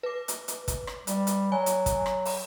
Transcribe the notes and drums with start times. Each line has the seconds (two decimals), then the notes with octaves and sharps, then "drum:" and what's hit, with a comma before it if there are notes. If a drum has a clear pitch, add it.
0.03 B4 D6
0.28 drum: hi-hat
0.48 drum: hi-hat
0.68 drum: kick, hi-hat
0.87 drum: rim click
1.07 G3, drum: hi-hat
1.27 drum: hi-hat
1.52 F#3 G#5
1.66 drum: hi-hat
1.86 drum: kick, hi-hat
2.06 drum: rim click
2.25 drum: open hi-hat